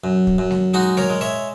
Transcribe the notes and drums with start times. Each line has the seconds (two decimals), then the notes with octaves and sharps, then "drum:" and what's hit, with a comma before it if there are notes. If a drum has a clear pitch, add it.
0.04 F#2
0.27 drum: kick
0.38 F#2
0.51 drum: snare G#3
0.74 G#3 D#4 F#4
0.97 A#4 C#5, drum: snare G#3
1.10 G#3
1.21 C#5 E5